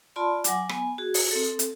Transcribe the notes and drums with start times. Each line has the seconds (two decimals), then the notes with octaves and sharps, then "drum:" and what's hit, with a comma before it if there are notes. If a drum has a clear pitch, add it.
0.16 F4 D5 A5 B5 C6
0.44 F#3 F#5 G#5 D6, drum: hi-hat
0.69 B3 G#5, drum: rim click
0.98 F#4 G#4
1.14 drum: open hi-hat
1.31 C4 A4
1.59 drum: hi-hat